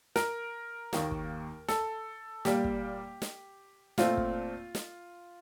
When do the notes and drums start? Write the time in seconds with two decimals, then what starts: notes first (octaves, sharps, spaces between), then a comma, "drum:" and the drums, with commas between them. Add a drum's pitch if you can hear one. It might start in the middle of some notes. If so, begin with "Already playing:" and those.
0.16 A#4, drum: snare
0.93 D#2 D#3 A#3, drum: snare
1.11 drum: kick
1.68 A4, drum: snare
2.45 A#2 G3 A#3 G4, drum: snare
2.64 drum: kick
3.22 drum: snare
3.98 A#2 A3 C4 F4, drum: snare
4.17 drum: kick
4.75 drum: snare